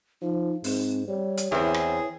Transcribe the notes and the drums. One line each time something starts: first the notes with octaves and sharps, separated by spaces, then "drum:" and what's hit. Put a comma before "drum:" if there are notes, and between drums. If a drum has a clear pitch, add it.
F3 D#4
G#2 C4, drum: open hi-hat
G3 C#5
drum: hi-hat
E2 E3 C4 G#4
drum: rim click